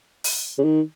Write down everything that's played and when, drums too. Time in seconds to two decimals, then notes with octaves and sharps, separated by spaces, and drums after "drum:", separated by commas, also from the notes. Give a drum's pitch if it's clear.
0.24 drum: open hi-hat
0.58 C#3
0.64 D#3